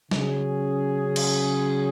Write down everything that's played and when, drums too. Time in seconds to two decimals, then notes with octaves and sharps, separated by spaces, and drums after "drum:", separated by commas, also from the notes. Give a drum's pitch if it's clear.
0.11 C#3 F#3 C#4 G#4, drum: snare
1.16 drum: cymbal